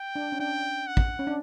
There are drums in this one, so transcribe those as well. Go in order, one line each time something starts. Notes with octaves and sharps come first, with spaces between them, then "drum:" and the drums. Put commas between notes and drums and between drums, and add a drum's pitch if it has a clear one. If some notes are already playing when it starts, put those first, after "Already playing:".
Already playing: G5
D4
C#4
D4 G5
F#5
drum: kick
C#4
D4